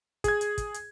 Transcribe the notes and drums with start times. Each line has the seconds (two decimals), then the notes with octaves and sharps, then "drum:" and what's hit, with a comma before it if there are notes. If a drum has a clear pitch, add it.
0.24 G#4 G#6, drum: kick, hi-hat
0.41 drum: hi-hat
0.58 drum: kick, hi-hat
0.74 drum: hi-hat